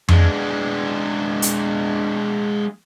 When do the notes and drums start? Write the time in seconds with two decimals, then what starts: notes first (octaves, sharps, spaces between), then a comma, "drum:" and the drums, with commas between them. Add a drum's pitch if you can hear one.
0.08 G#3 D4, drum: tom F2
1.42 drum: hi-hat